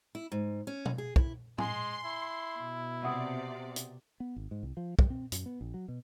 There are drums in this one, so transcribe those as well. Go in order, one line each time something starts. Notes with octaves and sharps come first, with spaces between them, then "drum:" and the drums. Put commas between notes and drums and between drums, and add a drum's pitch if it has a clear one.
E4
G#2
C#4
drum: tom B2
G#4
E4, drum: kick
G#3 G#5 C6, drum: tom A2
E4
B2
C3 D5 E5 F#5 D#6
drum: hi-hat
B3
G#1
G#2
C2
F3
G3, drum: kick
C4
F#2, drum: hi-hat
B3
A#1
F#3
B2